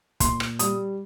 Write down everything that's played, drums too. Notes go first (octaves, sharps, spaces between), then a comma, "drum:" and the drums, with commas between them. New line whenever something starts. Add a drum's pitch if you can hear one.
A#2 C6, drum: kick, hi-hat
drum: rim click
G3 D#6, drum: hi-hat